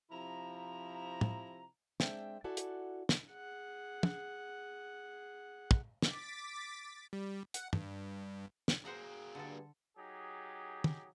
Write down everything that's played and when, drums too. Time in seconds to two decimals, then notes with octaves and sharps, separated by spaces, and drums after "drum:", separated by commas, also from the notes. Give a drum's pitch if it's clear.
0.11 C3 F3 E4 A#5
1.21 drum: tom
2.00 G#3 C4 D4 E5 G5, drum: snare
2.44 E4 F#4 A4 D5 F#5 G#5
2.57 drum: hi-hat
3.09 drum: snare
3.31 G#4 F#5
4.03 drum: tom
5.71 drum: kick
6.02 D6 A6 B6, drum: snare
7.13 G3
7.54 F#5, drum: hi-hat
7.73 G2, drum: tom
8.68 drum: snare
8.85 F#3 A#3 G#4 C5 F#5 A#5
9.35 G2 D3 A4
9.98 F#3 D#4 G4 G#4
10.84 drum: tom